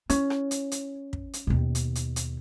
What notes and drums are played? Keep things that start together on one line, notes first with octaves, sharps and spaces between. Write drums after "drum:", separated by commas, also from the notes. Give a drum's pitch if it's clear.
C#4 E4, drum: hi-hat
drum: rim click
drum: hi-hat
drum: hi-hat
drum: kick
drum: hi-hat
D#2 B2
drum: hi-hat
drum: hi-hat
drum: hi-hat